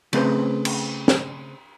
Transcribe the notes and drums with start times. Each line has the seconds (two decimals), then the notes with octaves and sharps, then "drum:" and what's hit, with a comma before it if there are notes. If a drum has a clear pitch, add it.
0.13 C#3 A3 B3 C4 B4 C5, drum: cymbal
0.65 drum: cymbal
1.08 drum: snare